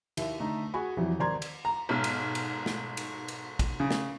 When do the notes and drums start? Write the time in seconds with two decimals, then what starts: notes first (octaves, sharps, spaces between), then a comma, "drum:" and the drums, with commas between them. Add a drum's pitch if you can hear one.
0.17 D#2 E4 E5, drum: cymbal
0.40 D3 A3 D#4
0.74 F#4 G#4 G#5 B5
0.97 F2 E3 F#3 G3
1.19 G#1 D#2 D5 A#5 C6 G#6
1.42 drum: cymbal
1.65 A#5
1.89 B1 G#2 F6
2.04 drum: cymbal
2.35 drum: cymbal
2.66 drum: snare
2.97 drum: cymbal
3.28 drum: cymbal
3.59 drum: kick, cymbal
3.80 C#3
3.91 drum: snare